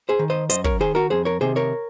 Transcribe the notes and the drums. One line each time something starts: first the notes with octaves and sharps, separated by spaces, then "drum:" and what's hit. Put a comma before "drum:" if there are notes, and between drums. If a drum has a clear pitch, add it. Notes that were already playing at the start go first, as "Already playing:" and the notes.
G#4 C5
D#3
C5 D#5
F#2 C5 D#5, drum: hi-hat
A#4 C#5, drum: kick
D#3 G#4 C5
F#4 A#4
F2 G#4 C5
A#4 C#5
C3 D#3 G#4 C5
A#4 C#5